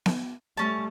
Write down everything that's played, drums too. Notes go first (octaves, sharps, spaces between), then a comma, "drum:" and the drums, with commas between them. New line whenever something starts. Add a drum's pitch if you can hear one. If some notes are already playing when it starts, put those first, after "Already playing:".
drum: snare B3
G3 A3 C#4 A5